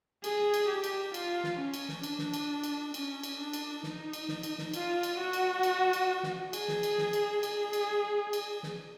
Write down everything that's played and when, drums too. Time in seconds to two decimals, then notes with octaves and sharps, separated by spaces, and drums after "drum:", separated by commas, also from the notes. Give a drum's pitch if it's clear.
0.24 G#4, drum: cymbal
0.54 drum: cymbal
0.68 G4
0.84 drum: cymbal
1.14 F4, drum: cymbal
1.44 drum: snare
1.58 C#4
1.74 drum: cymbal
1.89 drum: snare
2.03 D4, drum: cymbal
2.19 drum: snare
2.34 drum: cymbal
2.64 drum: cymbal
2.94 C#4, drum: cymbal
3.23 drum: cymbal
3.39 D4
3.53 drum: cymbal
3.83 D#4, drum: snare
4.13 drum: cymbal
4.28 drum: snare
4.43 drum: cymbal
4.58 drum: snare
4.74 F4, drum: cymbal
5.03 drum: cymbal
5.19 F#4
5.33 drum: cymbal
5.63 drum: cymbal
5.93 drum: cymbal
6.23 drum: snare
6.53 G#4, drum: cymbal
6.68 drum: snare
6.83 drum: cymbal
6.98 drum: snare
7.13 drum: cymbal
7.43 G#4, drum: cymbal
7.73 drum: cymbal
8.33 drum: cymbal
8.63 drum: snare